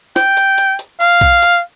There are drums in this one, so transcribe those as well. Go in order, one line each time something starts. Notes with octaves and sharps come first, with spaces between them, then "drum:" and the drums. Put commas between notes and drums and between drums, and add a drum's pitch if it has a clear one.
G5, drum: snare
drum: hi-hat
drum: hi-hat
drum: hi-hat
F5, drum: open hi-hat
drum: kick B1, hi-hat
drum: hi-hat